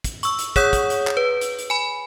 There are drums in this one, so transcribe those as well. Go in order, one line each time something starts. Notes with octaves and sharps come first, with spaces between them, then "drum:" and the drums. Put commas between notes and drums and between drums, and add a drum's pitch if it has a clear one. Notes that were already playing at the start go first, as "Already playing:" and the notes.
drum: kick, hi-hat
C#6 E6, drum: hi-hat
drum: hi-hat
G#4 C#5 F#5 D#6 G6, drum: kick, hi-hat
drum: kick, hi-hat
drum: hi-hat
drum: clap
B4
drum: hi-hat
drum: hi-hat
G#5 B5